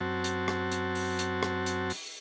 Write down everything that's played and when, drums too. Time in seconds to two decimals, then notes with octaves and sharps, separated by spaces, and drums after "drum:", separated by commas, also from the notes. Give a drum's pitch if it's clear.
0.01 F#2 C4 F#4 A5
0.24 drum: hi-hat
0.48 drum: rim click
0.72 drum: hi-hat
0.95 drum: open hi-hat
1.19 drum: hi-hat
1.43 drum: rim click
1.66 drum: hi-hat
1.90 drum: open hi-hat